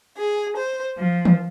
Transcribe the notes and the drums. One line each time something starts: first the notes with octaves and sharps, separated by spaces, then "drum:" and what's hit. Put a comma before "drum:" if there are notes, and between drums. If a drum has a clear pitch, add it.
G#4
C5
F3
drum: tom D#3